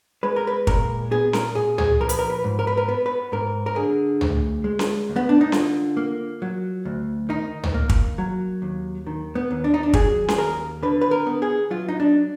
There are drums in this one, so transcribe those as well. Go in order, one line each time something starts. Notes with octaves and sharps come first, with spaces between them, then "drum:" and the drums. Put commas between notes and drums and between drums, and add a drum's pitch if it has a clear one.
G#3 B4
A#4
B4
A#2 A#4, drum: kick
B3 G#4
A#4, drum: snare C#4
A#2 G#4
G#4, drum: tom
F3 A#4
B4, drum: hi-hat
A#4
B4
G#2
A#4
B4
A#4
B3 B4
B4
G#2 A#4
A#4
D3 G#4
D2, drum: tom
G#3
drum: snare C#4
D2
B3
D4
D#4
D3 F4, drum: snare C#4
A#3
F#3
D2
D#3 D#4
drum: tom
A#3
drum: kick
F#3
D#2
D#3
B3
D#2
D4
D#4
D4
F#3 G#4, drum: kick
G#4, drum: snare C#4
D#2 A#4
D3 B4
B4
A#4
B3
G#4
F#3 F4
D#4
D4